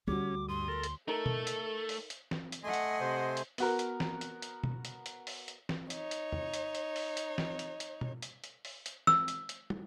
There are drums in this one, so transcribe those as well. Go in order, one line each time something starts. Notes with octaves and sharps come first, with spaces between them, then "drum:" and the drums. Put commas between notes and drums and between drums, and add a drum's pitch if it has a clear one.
D2 G3 C#4 F#4 D6
G2 C6 D#6
A4 A#4
drum: hi-hat
A3 D#4 A4 A#4
drum: tom B2
drum: hi-hat
drum: open hi-hat
drum: hi-hat
drum: snare
drum: hi-hat
A3 D#5 F#5 G#5 C6
drum: hi-hat
C3 C5
drum: hi-hat
B3 F#4 A#4, drum: open hi-hat
drum: hi-hat
drum: snare
drum: hi-hat
drum: hi-hat
drum: tom B2
drum: hi-hat
drum: hi-hat
drum: open hi-hat
drum: hi-hat
drum: snare
D#4 C#5, drum: hi-hat
drum: hi-hat
drum: tom E2
drum: hi-hat
drum: hi-hat
drum: open hi-hat
drum: hi-hat
drum: snare
drum: hi-hat
drum: hi-hat
drum: tom
drum: hi-hat
drum: hi-hat
drum: open hi-hat
drum: hi-hat
E6, drum: snare
drum: hi-hat
drum: hi-hat
drum: tom